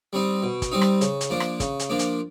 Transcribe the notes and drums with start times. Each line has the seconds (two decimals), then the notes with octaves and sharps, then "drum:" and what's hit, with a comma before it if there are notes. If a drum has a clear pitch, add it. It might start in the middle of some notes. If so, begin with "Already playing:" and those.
0.13 G3 C4 D#4
0.43 B2
0.62 drum: kick, hi-hat
0.72 G3 C4 D#4
0.81 drum: rim click
1.01 C#3, drum: hi-hat
1.21 drum: hi-hat
1.30 F3 A#3 D4
1.40 drum: rim click
1.60 C#3, drum: kick, hi-hat
1.79 drum: hi-hat
1.90 F3 A#3 D4
1.99 drum: hi-hat